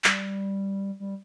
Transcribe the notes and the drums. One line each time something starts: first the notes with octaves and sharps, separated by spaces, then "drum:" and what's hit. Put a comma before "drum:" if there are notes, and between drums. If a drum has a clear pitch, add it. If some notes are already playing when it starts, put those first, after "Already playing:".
G3, drum: clap
G3